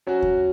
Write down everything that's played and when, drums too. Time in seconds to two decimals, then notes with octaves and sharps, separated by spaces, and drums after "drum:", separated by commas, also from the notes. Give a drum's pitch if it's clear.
0.07 F#3 C#4 F#4
0.22 drum: kick D#2